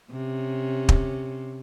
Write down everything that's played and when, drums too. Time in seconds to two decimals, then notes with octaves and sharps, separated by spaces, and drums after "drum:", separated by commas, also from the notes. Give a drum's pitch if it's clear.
0.11 C3 C#4
0.89 drum: kick